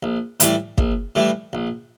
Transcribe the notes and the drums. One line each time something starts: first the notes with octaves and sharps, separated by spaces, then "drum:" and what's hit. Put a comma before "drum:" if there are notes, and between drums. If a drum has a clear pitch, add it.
A#1
A2 E3 G3, drum: hi-hat
A#1, drum: kick
A2 E3 G3
A#1